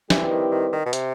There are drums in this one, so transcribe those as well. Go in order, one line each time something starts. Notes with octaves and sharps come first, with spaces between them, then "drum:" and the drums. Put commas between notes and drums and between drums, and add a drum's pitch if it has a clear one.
E3 G3 C4 E4 G4 B4, drum: snare
D#3
D#3
D#3
B2
C3, drum: hi-hat